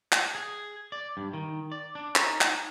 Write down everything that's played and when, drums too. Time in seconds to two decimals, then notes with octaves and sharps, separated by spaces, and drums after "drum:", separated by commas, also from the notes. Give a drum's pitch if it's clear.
0.12 drum: clap
0.35 G#4
0.92 D5
1.17 G2
1.33 D#3
1.72 D5
1.95 D4
2.16 D#4, drum: clap
2.41 drum: clap